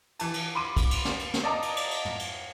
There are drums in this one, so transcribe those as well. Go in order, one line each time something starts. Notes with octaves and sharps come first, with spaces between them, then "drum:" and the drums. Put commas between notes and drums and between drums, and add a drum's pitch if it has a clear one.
E3 A5, drum: cymbal
drum: cymbal
B5 C6 D6 D#7
drum: kick, cymbal
drum: cymbal
drum: snare
drum: cymbal
drum: snare
D5 D#5 A5 A#5 D6
drum: cymbal
drum: cymbal
drum: cymbal
drum: tom
drum: cymbal